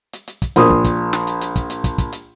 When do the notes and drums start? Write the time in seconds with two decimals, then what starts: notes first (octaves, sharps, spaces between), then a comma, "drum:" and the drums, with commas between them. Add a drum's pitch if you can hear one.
0.13 drum: hi-hat
0.28 drum: hi-hat
0.42 drum: kick, hi-hat
0.56 A#1 A#2 D#6, drum: hi-hat
0.70 drum: kick
0.84 drum: kick, hi-hat
1.13 drum: snare
1.27 drum: hi-hat
1.41 drum: hi-hat
1.56 drum: kick, hi-hat
1.70 drum: hi-hat
1.84 drum: kick, hi-hat
1.98 drum: kick, hi-hat
2.13 drum: hi-hat